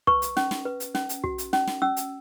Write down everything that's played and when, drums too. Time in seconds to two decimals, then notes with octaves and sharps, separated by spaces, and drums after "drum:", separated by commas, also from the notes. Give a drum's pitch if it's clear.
0.07 B4 C#6, drum: kick
0.22 drum: hi-hat
0.37 C#4, drum: snare
0.51 drum: snare
0.65 B4
0.80 drum: hi-hat
0.95 C#4, drum: snare
1.09 drum: hi-hat
1.24 F#4, drum: kick
1.38 drum: hi-hat
1.53 C#4, drum: snare
1.67 drum: snare
1.82 C#4 E6
1.97 drum: hi-hat